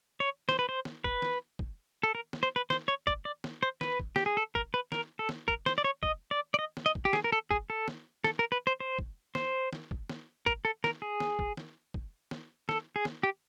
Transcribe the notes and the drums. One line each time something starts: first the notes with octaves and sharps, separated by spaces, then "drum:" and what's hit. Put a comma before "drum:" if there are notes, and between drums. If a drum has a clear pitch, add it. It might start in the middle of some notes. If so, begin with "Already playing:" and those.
C#5
C5, drum: snare
B4
C5
drum: snare
B4, drum: kick
drum: snare
drum: kick
A4
A#4
drum: snare
C5
B4
C5, drum: snare
C#5
D5, drum: kick
D5
drum: snare
C5
B4, drum: snare
drum: kick
G4, drum: snare
G#4
A4
A#4, drum: kick
B4
A#4, drum: snare
A4
drum: snare
A#4, drum: kick
C5, drum: snare
D5
C#5
D#5, drum: kick
D5
D5
D#5
drum: snare
D#5
drum: kick
G4
G#4, drum: snare
A#4
A4
G#4, drum: kick
A4
drum: snare
A4, drum: snare
A#4
B4
C5
C5
drum: kick
C5, drum: snare
drum: snare
drum: kick
drum: snare
A#4, drum: kick
A4
A#4, drum: snare
G#4
drum: snare
drum: kick
drum: snare
drum: kick
drum: snare
A4, drum: snare
G#4
drum: snare
G4